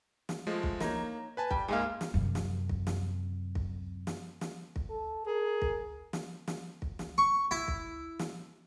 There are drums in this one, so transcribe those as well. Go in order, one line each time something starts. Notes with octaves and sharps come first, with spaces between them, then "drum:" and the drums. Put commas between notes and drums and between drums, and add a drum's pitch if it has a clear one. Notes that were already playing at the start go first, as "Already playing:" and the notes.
drum: snare
F3 G#3 A3
drum: kick
A#3 D#4 C#5, drum: snare
B4 G#5 A5
G3 G5, drum: kick
G#2 G#3 A#3 G#4 F5
drum: snare
F#2 C3
drum: snare
drum: kick
drum: snare
drum: kick
drum: snare
drum: snare
drum: kick
A4
G#4 A#4
drum: kick
drum: snare
drum: snare
drum: kick
drum: snare
C#6
E4
drum: kick
drum: snare